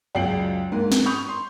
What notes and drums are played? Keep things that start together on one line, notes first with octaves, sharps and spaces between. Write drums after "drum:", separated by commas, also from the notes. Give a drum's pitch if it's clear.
C#2 F#2 D5 G5 C7 F#7
G#2 A#3
drum: snare
B5 C#6 D#6 G6 F7
C6